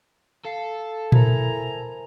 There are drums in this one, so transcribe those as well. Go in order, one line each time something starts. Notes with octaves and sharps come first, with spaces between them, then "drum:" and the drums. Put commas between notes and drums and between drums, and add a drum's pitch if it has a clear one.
A4 F5 C7
E4 A#4 C5 G#5 A#5, drum: tom A#2